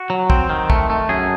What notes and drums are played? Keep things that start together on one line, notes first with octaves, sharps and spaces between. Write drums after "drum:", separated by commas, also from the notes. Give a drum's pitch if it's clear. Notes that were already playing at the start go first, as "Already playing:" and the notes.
Already playing: F#4
F#3
C4, drum: kick
D#3
A3, drum: kick
A3
F#2 G#4